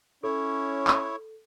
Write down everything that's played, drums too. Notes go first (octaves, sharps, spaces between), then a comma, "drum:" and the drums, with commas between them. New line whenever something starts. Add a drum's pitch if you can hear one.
C#4 E4 A4 C#5
drum: clap